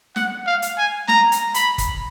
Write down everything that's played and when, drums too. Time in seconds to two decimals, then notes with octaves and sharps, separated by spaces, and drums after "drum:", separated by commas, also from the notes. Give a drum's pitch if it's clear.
0.16 F#5, drum: snare
0.47 F5
0.62 drum: hi-hat
0.78 G#5
1.08 A#5, drum: snare
1.32 drum: hi-hat
1.54 B5, drum: hi-hat
1.78 drum: kick, hi-hat